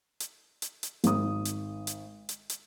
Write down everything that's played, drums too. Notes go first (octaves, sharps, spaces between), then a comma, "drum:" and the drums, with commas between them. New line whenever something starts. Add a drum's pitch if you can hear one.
drum: hi-hat
drum: hi-hat
drum: hi-hat
G#1 D#6, drum: hi-hat
drum: hi-hat
drum: hi-hat
drum: hi-hat
drum: hi-hat